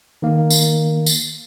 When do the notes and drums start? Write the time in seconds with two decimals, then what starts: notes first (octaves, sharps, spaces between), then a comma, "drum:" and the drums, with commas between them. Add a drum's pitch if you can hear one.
0.22 D#3 A#3
0.50 drum: tambourine
1.06 drum: tambourine